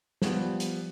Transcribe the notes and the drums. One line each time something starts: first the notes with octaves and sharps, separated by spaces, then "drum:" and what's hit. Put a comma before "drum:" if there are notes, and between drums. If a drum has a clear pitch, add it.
F3 G3 B3, drum: snare
drum: hi-hat